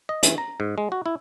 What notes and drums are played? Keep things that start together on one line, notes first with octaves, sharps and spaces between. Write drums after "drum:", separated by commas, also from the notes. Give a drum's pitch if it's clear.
D#5
E3, drum: hi-hat
A#5
G#2
G#3
F#4
E4